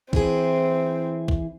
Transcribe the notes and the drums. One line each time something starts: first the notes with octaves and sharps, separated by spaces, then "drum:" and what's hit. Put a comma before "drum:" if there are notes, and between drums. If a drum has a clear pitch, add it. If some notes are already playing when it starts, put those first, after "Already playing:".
E3 C4 E4 G#4, drum: kick
drum: kick